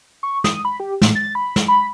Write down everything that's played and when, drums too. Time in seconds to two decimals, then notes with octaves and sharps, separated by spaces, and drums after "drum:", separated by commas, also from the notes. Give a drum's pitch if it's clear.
0.23 C#6
0.44 D#6, drum: snare
0.65 B5
0.80 G4
1.02 A2, drum: snare
1.15 A6
1.35 B5
1.56 drum: snare
1.68 B5